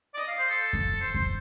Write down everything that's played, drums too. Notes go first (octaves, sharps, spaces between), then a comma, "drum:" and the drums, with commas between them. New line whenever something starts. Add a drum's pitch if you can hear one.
D5
D#5, drum: hi-hat
F5
C5
A4
drum: kick F2, hi-hat
C5, drum: hi-hat
C5, drum: kick F2